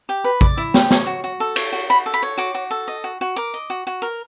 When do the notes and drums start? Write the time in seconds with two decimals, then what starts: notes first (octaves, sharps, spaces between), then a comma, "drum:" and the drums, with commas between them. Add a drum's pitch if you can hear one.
0.09 G4
0.24 B4
0.41 D5, drum: kick
0.57 E4
0.74 G4, drum: snare
0.90 C#5, drum: snare
1.06 F#4
1.24 F#4
1.40 A4
1.56 C#5, drum: cymbal
1.72 F#4
1.90 F#4 B5
2.06 A4
2.14 B5
2.23 C#5
2.38 F#4 D6
2.54 F#4
2.71 A4
2.88 D#5
3.04 F#4
3.21 F#4
3.36 A#4 D6
3.54 D#5
3.70 F#4
3.87 F#4
4.02 A#4